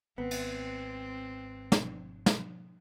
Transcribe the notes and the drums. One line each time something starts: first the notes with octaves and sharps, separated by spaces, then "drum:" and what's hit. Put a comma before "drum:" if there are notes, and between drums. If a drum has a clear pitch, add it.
G#1 B3 C4
drum: cymbal
drum: snare
drum: snare